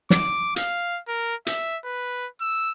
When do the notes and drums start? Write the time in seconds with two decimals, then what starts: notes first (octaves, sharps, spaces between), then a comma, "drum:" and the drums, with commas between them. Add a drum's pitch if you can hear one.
0.10 D6, drum: snare
0.56 F5, drum: hi-hat
1.08 A#4
1.47 E5, drum: hi-hat
1.84 B4
2.41 E6